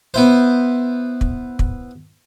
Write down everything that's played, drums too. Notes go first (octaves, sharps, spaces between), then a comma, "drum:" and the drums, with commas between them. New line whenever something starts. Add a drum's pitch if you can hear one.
B3 E4 C5
drum: kick
drum: kick